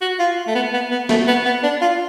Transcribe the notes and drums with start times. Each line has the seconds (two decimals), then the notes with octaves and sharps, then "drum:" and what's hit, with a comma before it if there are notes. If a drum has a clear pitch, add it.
0.01 F#4
0.19 F4
0.47 A3
0.55 B3
0.73 B3
0.92 B3
1.09 A3, drum: snare
1.28 B3
1.45 B3
1.63 D4
1.81 F4